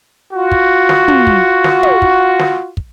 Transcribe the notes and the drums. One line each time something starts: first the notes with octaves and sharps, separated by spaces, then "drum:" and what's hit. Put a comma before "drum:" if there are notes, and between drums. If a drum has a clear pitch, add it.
F4 F#4
drum: kick
drum: snare
drum: tom
drum: kick
drum: snare
drum: tom
drum: kick
drum: snare
drum: kick